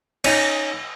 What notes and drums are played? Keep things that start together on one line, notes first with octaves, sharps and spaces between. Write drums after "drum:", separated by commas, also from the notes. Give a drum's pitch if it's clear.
C#4 D#4, drum: cymbal